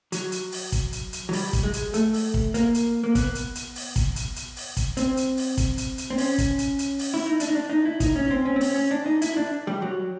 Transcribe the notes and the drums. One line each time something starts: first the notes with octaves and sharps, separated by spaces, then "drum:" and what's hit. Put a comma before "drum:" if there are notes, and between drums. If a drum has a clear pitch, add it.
F#3, drum: hi-hat
drum: hi-hat
drum: open hi-hat
drum: kick, hi-hat
drum: hi-hat
drum: hi-hat
F#3
G3, drum: open hi-hat
drum: kick, hi-hat
G#3
drum: hi-hat
A3, drum: hi-hat
drum: open hi-hat
drum: kick
A#3, drum: hi-hat
drum: hi-hat
A#3
B3, drum: kick, hi-hat
drum: hi-hat
drum: hi-hat
drum: open hi-hat
drum: kick, hi-hat
drum: hi-hat
drum: hi-hat
drum: open hi-hat
drum: kick, hi-hat
C4, drum: hi-hat
drum: hi-hat
drum: open hi-hat
drum: kick, hi-hat
drum: hi-hat
drum: hi-hat
C4
C#4, drum: open hi-hat
drum: kick, hi-hat
drum: hi-hat
drum: hi-hat
drum: open hi-hat
E4
D#4
D4, drum: hi-hat
D#4
D4
D#4
E4
D#4, drum: kick, hi-hat
C#4
C4
C#4
C4
C#4, drum: open hi-hat
C#4
D4
D#4
E4, drum: hi-hat
D4
G3
F#3